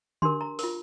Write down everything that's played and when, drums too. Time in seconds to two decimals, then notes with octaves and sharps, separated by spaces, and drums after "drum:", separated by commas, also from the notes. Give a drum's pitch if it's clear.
0.22 D4 G4 A#4 C6, drum: tom D3
0.41 A#5
0.59 F4 A#4, drum: open hi-hat